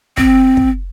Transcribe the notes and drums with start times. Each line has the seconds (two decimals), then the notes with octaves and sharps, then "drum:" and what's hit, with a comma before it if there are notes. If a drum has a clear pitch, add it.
0.17 C4, drum: kick
0.57 drum: kick